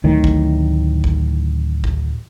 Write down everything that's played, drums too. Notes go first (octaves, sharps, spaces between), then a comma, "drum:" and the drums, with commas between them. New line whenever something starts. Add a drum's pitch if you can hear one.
D1 A2 D#3
drum: kick A1
drum: kick A1
drum: kick A1